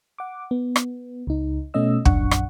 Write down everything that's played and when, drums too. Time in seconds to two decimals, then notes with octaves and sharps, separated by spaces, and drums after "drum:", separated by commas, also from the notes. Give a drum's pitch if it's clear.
0.18 F#5 D6
0.51 B3
0.76 drum: rim click
1.27 C#2 D#4
1.74 B2 A3 C#4 D#5 E6
2.05 A#1 F#2 D4 F#5 C#6, drum: kick
2.31 drum: rim click